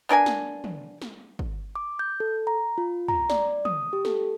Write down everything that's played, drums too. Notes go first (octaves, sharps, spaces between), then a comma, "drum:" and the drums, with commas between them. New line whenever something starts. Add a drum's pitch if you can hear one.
B3 D4 A#4 G#5
drum: snare
drum: tom
drum: snare
drum: kick
D6
G6
A4
A#5
F4
A#5, drum: tom
D5, drum: snare
D#6, drum: tom
G4
A4, drum: snare